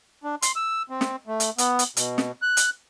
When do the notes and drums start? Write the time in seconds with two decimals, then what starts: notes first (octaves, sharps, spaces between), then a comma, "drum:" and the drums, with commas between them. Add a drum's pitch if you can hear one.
0.24 D4
0.42 C6, drum: hi-hat
0.56 E6
0.90 C4
1.01 drum: snare
1.27 A3
1.40 drum: hi-hat
1.58 B3, drum: hi-hat
1.79 drum: hi-hat
1.97 B2, drum: hi-hat
2.18 drum: snare
2.42 F#6
2.57 drum: hi-hat